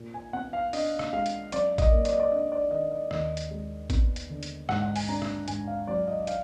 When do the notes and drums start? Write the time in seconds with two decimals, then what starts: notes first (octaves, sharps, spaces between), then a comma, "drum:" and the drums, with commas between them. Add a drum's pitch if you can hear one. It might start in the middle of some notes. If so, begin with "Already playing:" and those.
Already playing: A#2
0.14 G#5
0.33 B3 F#5
0.53 F5
0.73 D4 D#5, drum: open hi-hat
0.99 drum: rim click
1.13 G#3 F5
1.26 drum: hi-hat
1.52 F#2 D5, drum: hi-hat
1.78 D#5, drum: kick A1, hi-hat
1.91 A#3
2.05 D5, drum: hi-hat
2.13 D#5
2.20 D5
2.32 D4 D#5
2.52 D5
2.71 D#3 D#5
2.91 D#5
3.11 D#2 D#5, drum: rim click
3.37 drum: hi-hat
3.51 G#3
3.90 B3, drum: kick A1, hi-hat
4.16 drum: hi-hat
4.30 D3
4.43 drum: hi-hat
4.69 G#2 F#5, drum: rim click
4.82 F#5
4.96 G#5, drum: open hi-hat
5.08 D4 A#5
5.22 drum: rim click
5.48 G#2 G#5, drum: hi-hat
5.67 F5
5.87 F#3 D5
6.07 D#5
6.27 F5, drum: hi-hat